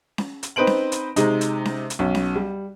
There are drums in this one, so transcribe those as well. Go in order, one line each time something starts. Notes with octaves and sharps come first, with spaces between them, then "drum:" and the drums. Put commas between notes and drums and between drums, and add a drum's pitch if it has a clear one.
drum: snare C#4
drum: hi-hat
C4 D#4 B4 C5 D7 F#7
drum: snare C#4
drum: hi-hat
C3 G#3 D#4, drum: hi-hat
drum: hi-hat
drum: snare C#4
drum: hi-hat
B1 C#4
drum: snare C#4
G3